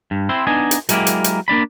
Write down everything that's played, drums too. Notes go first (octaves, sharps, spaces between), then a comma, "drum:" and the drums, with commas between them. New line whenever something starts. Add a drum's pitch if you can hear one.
G2
C4 E4 C5
B3 D4 D#4 D#5 G#5
drum: hi-hat
F#3 G#3 A#3 E4 G4 A#4, drum: hi-hat
drum: hi-hat
drum: hi-hat
A#3 D4 D5 B5